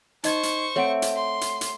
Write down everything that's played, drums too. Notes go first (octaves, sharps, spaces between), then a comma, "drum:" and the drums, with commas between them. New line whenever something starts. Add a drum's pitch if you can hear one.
D#4 C5 D#5 C#6 G#6, drum: hi-hat
drum: hi-hat
A3 C4 C#5 F#5 D7
drum: hi-hat
C6
drum: hi-hat
drum: hi-hat